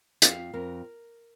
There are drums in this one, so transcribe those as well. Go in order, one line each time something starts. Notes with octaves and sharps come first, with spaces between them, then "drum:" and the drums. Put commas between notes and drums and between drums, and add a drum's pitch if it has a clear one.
F2 F5, drum: hi-hat
F2 A#4